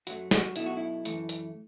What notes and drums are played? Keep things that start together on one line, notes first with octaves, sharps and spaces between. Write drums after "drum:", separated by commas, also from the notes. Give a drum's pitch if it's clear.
F#2 F#3 A3 F#4, drum: hi-hat
F#4, drum: snare
B1 B2 A3 E4, drum: hi-hat
F#4
E4
F#2 E3 A3, drum: hi-hat
drum: hi-hat